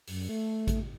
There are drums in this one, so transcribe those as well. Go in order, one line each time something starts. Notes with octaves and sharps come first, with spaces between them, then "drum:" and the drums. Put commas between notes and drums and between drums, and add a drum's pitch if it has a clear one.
F#2, drum: open hi-hat
A3
drum: kick A1, hi-hat